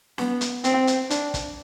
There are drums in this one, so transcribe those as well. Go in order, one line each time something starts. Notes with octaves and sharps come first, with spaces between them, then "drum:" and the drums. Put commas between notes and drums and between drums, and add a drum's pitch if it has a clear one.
B3, drum: snare
drum: hi-hat
C4, drum: hi-hat
drum: hi-hat
D4, drum: hi-hat
drum: kick, hi-hat